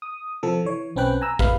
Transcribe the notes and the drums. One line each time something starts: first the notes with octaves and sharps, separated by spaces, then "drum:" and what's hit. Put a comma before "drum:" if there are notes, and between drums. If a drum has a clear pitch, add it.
D#6
C3 F3 C4 A4
E3 C#5
B1 C4 C#4 B4 G5 F#6
G#5 A#5 E6
B4 F5 B5, drum: kick